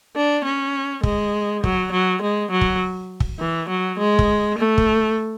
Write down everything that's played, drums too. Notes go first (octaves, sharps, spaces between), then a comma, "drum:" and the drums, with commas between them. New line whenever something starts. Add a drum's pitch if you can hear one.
D4
C#4
G#3, drum: kick
F#3, drum: kick
F#3
G#3
F#3
drum: kick
drum: kick
E3
F#3
G#3
drum: kick
A3
drum: kick